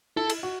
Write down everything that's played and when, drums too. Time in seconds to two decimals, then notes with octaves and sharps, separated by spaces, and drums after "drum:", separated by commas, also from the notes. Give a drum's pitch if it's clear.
0.16 E4 A4
0.30 drum: cymbal
0.43 F#4